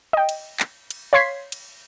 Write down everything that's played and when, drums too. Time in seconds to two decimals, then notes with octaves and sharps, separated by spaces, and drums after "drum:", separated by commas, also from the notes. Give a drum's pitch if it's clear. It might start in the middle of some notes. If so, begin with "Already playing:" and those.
0.13 D#5 G5
0.29 drum: cymbal
0.60 drum: clap
0.90 drum: cymbal
1.13 C#5 F5 C6 G#6 B6 C7
1.52 drum: cymbal